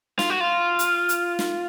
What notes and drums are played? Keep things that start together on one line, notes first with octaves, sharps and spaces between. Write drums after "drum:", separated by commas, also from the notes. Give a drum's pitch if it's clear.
F4, drum: snare
F#4
F4
drum: hi-hat
drum: hi-hat
drum: snare